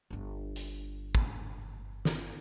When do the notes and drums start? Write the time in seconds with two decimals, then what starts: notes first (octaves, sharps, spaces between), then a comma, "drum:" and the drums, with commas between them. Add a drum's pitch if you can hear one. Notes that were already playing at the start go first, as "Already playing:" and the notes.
0.10 G1 D4
0.56 drum: hi-hat
1.15 drum: kick
2.05 drum: snare